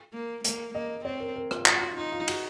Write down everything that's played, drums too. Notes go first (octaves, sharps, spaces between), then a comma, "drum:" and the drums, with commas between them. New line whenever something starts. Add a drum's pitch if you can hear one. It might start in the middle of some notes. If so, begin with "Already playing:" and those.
A#3
A#3, drum: hi-hat
A#3 D#5
C4 C#5
A#4
A#4
F4, drum: rim click
F4 F#4, drum: clap
F4
D#4 F4
F4
F#4, drum: cymbal